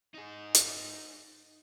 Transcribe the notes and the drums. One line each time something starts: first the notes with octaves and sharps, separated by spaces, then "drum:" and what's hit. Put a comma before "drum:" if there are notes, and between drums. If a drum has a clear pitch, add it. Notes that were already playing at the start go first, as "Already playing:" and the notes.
D#4 G#4
drum: hi-hat